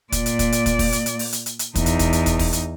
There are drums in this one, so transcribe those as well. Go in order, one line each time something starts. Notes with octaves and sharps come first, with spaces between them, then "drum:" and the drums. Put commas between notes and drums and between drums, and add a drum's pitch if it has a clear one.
A#2 D5, drum: kick, hi-hat
drum: hi-hat
drum: kick, hi-hat
drum: hi-hat
drum: kick, hi-hat
drum: kick, open hi-hat
drum: hi-hat
drum: hi-hat
drum: open hi-hat
drum: hi-hat
drum: hi-hat
drum: hi-hat
E2 D#4, drum: kick, hi-hat
drum: hi-hat
drum: kick, hi-hat
drum: hi-hat
drum: kick, hi-hat
drum: kick, open hi-hat
drum: hi-hat